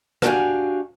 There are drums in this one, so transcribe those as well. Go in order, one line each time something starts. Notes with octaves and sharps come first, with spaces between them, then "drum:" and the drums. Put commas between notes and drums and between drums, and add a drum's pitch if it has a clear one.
B3 D4 F#4 G4 F5 G#5, drum: rim click